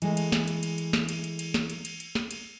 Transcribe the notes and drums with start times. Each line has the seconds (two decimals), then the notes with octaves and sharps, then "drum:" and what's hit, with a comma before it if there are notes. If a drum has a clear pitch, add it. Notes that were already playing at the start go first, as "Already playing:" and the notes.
0.02 E3 G#3 A3, drum: cymbal
0.17 drum: cymbal
0.32 drum: snare
0.48 drum: cymbal
0.63 drum: cymbal
0.78 drum: cymbal
0.93 drum: snare
1.09 drum: cymbal
1.24 drum: cymbal
1.39 drum: cymbal
1.54 drum: snare
1.70 drum: cymbal
1.85 drum: cymbal
2.00 drum: cymbal
2.15 drum: snare
2.31 drum: cymbal